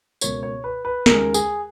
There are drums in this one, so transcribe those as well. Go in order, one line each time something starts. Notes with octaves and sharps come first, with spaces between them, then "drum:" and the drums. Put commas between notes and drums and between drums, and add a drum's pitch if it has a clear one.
C#2 B2 A#3 C#5, drum: tambourine
C#5
B4
B4
D#2 C#3 G#3 A#4, drum: snare
G#4, drum: tambourine